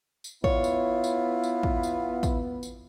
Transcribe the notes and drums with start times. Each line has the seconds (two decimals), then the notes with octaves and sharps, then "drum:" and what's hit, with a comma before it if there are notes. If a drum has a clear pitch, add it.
0.24 drum: tambourine
0.44 B3 E4 F4 C#5, drum: kick
0.64 drum: tambourine
1.04 drum: tambourine
1.43 drum: tambourine
1.63 drum: kick
1.83 drum: tambourine
2.23 drum: kick, tambourine
2.63 drum: tambourine